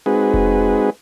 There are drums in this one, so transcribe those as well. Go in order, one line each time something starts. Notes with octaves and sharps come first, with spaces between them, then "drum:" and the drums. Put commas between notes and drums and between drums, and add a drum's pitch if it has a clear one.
G#3 C4 D#4 F#4 G#4 B4
drum: kick F1